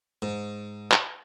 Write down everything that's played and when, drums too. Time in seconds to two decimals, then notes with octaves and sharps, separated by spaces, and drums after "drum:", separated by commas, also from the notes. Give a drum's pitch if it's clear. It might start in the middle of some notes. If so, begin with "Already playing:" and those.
0.22 G#2
0.92 drum: clap